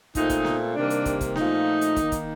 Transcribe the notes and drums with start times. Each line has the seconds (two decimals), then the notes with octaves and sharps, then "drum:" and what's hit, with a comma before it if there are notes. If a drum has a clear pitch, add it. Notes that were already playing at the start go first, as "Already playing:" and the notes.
0.15 A#2 A3 C4 D#4, drum: kick, hi-hat
0.30 drum: kick, hi-hat
0.45 drum: snare B3
0.75 C3 D#3 G3 A#3 D4
0.90 drum: hi-hat
1.05 drum: kick, hi-hat
1.21 drum: kick, hi-hat
1.36 A#2 F3 A3 D#4, drum: snare B3
1.81 drum: hi-hat
1.96 D#3 A#3, drum: kick, hi-hat
2.12 drum: kick, hi-hat